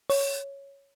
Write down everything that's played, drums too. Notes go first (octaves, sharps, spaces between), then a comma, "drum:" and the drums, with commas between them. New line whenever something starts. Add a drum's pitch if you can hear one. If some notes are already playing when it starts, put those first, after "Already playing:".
C#5, drum: open hi-hat